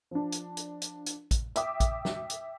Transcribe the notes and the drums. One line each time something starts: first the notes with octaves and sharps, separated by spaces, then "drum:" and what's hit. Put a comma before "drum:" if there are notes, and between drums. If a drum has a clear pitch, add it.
F3 D4
drum: hi-hat
drum: hi-hat
drum: hi-hat
drum: hi-hat
drum: kick, hi-hat
E5 G5 D6 D#6, drum: hi-hat
drum: kick, hi-hat
drum: snare
drum: hi-hat